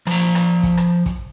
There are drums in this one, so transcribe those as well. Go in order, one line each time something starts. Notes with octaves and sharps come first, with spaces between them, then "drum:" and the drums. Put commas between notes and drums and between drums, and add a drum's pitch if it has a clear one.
F3 A#5, drum: rim click
drum: hi-hat
drum: rim click
drum: kick, hi-hat
drum: rim click
drum: kick, hi-hat